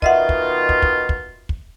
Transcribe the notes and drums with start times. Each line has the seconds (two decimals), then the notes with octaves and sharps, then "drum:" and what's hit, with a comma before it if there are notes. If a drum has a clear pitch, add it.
0.02 B2 D#3 F4 D#5 E5 F#5, drum: kick
0.29 drum: kick
0.69 drum: kick
0.82 drum: kick
1.09 drum: kick
1.49 drum: kick